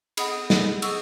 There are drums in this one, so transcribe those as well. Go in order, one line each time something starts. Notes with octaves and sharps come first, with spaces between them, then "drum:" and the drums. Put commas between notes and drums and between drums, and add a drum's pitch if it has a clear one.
G#4 D#5 F#5 B5 D#6, drum: cymbal
G#4 D#5 F#5, drum: snare
G#4 D#5 F#5 C#6 E6, drum: cymbal